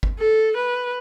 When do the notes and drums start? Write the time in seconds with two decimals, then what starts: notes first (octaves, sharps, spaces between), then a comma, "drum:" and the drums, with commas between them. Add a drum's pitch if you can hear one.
0.03 drum: kick G1
0.19 A4
0.57 B4